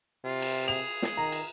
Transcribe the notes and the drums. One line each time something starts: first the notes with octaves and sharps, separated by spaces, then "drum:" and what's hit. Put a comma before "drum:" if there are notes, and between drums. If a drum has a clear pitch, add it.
C3 F4
drum: cymbal
G#4 F7
drum: snare
D#3 A#5
drum: cymbal